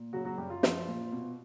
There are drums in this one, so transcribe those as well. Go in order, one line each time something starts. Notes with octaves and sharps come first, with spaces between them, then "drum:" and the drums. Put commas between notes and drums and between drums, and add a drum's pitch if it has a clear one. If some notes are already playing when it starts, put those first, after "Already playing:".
Already playing: A#2
C#3 F#3 F#4
F#3 F#4
F#2 G3 G4
F4
F3, drum: snare
A#2
B2